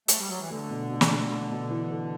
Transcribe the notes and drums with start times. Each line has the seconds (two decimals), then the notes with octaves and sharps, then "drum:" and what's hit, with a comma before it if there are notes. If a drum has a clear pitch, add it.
0.08 A3, drum: hi-hat
0.19 G3
0.29 F#3
0.40 E3
0.50 D3 A3
0.70 B2
0.90 B2
1.01 drum: snare
1.10 A3
1.30 A3
1.51 B2
1.70 E3
1.91 A4